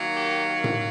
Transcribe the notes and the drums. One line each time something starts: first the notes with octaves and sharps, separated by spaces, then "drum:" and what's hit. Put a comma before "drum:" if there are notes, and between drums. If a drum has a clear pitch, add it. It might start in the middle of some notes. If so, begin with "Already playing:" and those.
Already playing: D#3 F#3 A#3
G4
drum: tom A2